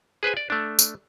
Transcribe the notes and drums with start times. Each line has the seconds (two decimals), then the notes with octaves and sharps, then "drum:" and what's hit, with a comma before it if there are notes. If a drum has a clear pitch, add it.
0.23 G#4 B4 C5 G#5
0.37 D5
0.50 A3 D4
0.79 drum: tambourine